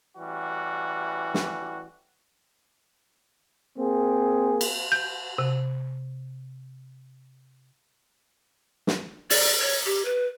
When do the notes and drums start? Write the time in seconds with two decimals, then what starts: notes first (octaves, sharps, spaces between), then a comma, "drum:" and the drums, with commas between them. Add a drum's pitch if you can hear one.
0.18 A1 E3 G3 F#4
1.34 drum: snare
3.78 A#3 C4 G#4
4.61 drum: cymbal
4.92 G6
5.38 C3
8.87 drum: snare
9.30 D5, drum: open hi-hat
9.61 C#5
9.86 G4
10.05 B4